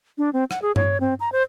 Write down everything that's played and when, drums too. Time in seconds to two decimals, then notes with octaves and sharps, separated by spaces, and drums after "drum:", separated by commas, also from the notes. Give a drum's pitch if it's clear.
0.18 D4
0.33 C4
0.51 F#5, drum: rim click
0.62 G#4
0.76 C#5, drum: tom G2
1.00 C4
1.20 A#5
1.32 C5